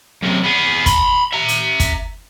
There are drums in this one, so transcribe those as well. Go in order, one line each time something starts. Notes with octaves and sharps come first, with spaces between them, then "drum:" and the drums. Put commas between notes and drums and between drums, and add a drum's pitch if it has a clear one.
F#2 C3
B3 G#4
B5 C6, drum: kick, hi-hat
E5 A#5
drum: hi-hat
drum: kick, hi-hat